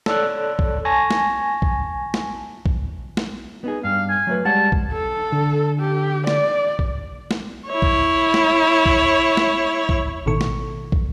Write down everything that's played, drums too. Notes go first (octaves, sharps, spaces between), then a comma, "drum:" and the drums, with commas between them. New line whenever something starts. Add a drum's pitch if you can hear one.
A4 C#5 D5 E6 F#6, drum: snare
drum: kick
G#5 A5 C#6 A#6
drum: snare
drum: kick
drum: snare
drum: kick
drum: snare
B3 D#4 G#4
G2 F5
G#5
F#3 A3 B4
G3 G#3 F#5 A5
drum: kick
A4
D3
G4
D5, drum: snare
drum: kick
drum: snare
E4 C#5
drum: kick
drum: snare
drum: kick
drum: snare
drum: kick
A1 B2 D#3 A4 C#6
drum: snare
drum: kick